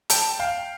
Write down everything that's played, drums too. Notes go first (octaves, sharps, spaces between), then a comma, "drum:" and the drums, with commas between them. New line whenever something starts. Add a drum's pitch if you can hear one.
G5 A5, drum: hi-hat
F5 G5